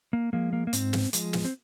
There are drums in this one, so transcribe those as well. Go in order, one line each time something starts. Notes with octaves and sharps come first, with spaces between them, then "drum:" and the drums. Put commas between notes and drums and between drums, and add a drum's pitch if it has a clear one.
A#3
F3 G#3 A#3
A#3
A#3
G#2 C4, drum: hi-hat
drum: snare
F3 G#3, drum: hi-hat
drum: snare
C4